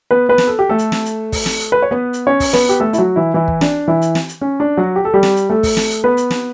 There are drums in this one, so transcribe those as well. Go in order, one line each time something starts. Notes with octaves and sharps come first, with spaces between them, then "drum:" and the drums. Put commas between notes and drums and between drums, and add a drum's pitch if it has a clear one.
B3 B4
B3 B4
drum: snare
A4
G4
A3 A4
drum: hi-hat
drum: snare
drum: hi-hat
drum: kick, open hi-hat
drum: snare
drum: hi-hat
B4
C#5
B3 B4
drum: hi-hat
C#4 C#5
drum: kick, open hi-hat
B3 B4, drum: snare
G4, drum: hi-hat
A3 A4
E4, drum: hi-hat
F#3 F#4
E3 E4
E3 E4
drum: kick
D4, drum: snare
E3 E4
drum: hi-hat
drum: snare
drum: hi-hat
C#4
D4
F#3 F#4
G4
A4
G3 G4
drum: snare
drum: hi-hat
A3 A4
drum: kick, open hi-hat
drum: snare
drum: hi-hat
B3 B4
drum: hi-hat
drum: snare